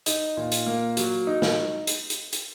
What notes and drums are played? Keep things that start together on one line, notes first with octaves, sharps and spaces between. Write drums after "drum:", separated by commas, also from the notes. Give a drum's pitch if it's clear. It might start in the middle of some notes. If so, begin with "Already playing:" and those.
D#4, drum: hi-hat
A#2
drum: hi-hat
A#3
F#3, drum: hi-hat
D#4
drum: snare
drum: hi-hat
drum: hi-hat
drum: hi-hat